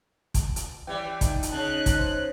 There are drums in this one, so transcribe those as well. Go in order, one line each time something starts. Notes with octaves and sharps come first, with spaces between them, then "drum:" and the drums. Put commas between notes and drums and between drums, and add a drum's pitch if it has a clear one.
drum: kick, hi-hat
drum: hi-hat
E3 G3 D5 G5
D#4, drum: kick, hi-hat
drum: hi-hat
C#3 A5 F#6
drum: kick, hi-hat
C5